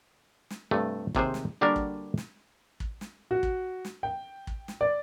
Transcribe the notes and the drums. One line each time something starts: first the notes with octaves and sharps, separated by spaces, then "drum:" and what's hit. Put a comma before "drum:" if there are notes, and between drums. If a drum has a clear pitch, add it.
drum: snare
G2 C3 A3
D#2 C3 G#4 C5, drum: kick
drum: snare
D3 G3 A#3 D4 F#4 A#4
drum: kick
drum: snare
drum: kick
drum: snare
F#4
drum: kick
drum: snare
G5
drum: kick
drum: snare
D5